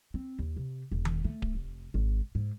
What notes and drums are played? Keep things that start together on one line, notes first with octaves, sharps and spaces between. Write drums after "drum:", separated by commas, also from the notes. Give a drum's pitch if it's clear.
C4
D#2
C3
E1
drum: tom D#3
A3
drum: kick D1
F1
G#1
G#2